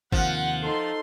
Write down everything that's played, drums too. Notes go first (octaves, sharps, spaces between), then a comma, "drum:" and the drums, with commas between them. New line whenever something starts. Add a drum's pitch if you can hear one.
D#2 C3 D#3 F3 F#5, drum: kick G1
D#4 A4 C6